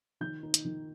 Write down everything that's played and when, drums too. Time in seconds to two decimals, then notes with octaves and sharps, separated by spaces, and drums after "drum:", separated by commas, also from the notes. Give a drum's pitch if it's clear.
0.21 D#3 G6
0.43 D#4
0.54 drum: hi-hat
0.65 D#3